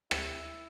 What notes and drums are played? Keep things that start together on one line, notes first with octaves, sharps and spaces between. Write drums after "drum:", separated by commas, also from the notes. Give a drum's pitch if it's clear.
E4, drum: rim click